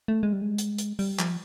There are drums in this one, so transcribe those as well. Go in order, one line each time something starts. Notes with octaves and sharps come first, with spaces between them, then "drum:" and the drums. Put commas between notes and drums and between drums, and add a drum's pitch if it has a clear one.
A3
G#3
G3
G#3
drum: hi-hat
drum: hi-hat
G3, drum: open hi-hat
F3, drum: clap